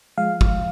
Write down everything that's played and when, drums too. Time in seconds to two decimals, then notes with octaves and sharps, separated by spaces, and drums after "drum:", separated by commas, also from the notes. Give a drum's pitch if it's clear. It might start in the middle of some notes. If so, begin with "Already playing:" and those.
0.18 F3 G#3 F5
0.41 drum: kick